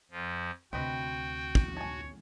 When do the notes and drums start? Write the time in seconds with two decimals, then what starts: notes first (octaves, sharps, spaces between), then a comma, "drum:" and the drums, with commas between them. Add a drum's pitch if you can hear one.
0.11 F2 F3
0.73 D2 C3 C4 F#4 B4 D#5 G5
1.55 drum: kick
1.77 C#5 G#5 A5